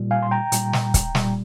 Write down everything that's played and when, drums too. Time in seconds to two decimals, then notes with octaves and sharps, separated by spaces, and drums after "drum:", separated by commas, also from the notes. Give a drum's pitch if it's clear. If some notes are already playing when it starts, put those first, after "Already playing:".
Already playing: A#2 G3
0.11 F5 G#5
0.23 C6
0.31 G5 A#5
0.52 A#2 G3, drum: hi-hat
0.73 drum: snare
0.94 drum: kick, hi-hat
1.15 A#2 G3, drum: snare